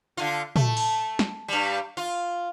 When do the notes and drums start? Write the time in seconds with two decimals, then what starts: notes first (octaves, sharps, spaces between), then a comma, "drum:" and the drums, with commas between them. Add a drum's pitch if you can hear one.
0.17 D3 F4
0.56 A3, drum: tom
0.77 drum: open hi-hat
1.19 drum: snare
1.48 G2 G3
1.97 F4